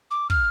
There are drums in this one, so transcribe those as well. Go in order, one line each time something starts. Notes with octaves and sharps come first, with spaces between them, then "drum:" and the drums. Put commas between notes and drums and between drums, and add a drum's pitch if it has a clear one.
D6
F6, drum: kick